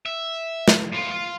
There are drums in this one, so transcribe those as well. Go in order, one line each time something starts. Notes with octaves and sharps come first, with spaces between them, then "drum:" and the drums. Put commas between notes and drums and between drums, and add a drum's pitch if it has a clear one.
E5
drum: snare
A2 F4
F4